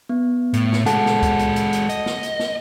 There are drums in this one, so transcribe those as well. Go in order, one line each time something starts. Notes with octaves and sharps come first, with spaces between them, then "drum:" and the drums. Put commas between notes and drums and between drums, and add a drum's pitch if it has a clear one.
B3
A2, drum: hi-hat
drum: snare
G#3 F#4 A4 F#5 A5, drum: hi-hat
drum: snare
drum: kick, hi-hat
drum: hi-hat
drum: hi-hat
drum: hi-hat
D#5, drum: hi-hat
drum: snare
drum: hi-hat
drum: snare